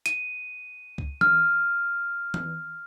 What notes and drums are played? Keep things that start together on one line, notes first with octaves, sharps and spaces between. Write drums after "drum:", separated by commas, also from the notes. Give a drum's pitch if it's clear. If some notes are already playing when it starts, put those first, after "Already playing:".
D#7, drum: hi-hat
drum: kick
F6, drum: tom E3
drum: tom E3